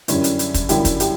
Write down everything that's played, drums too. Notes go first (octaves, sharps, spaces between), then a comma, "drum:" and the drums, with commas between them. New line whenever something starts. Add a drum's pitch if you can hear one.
F#2 D3 G3 C#4 E4, drum: hi-hat
drum: hi-hat
drum: hi-hat
drum: kick, hi-hat
F#2 D3 G3 E4 G4, drum: hi-hat
drum: kick, hi-hat
E4 G4, drum: hi-hat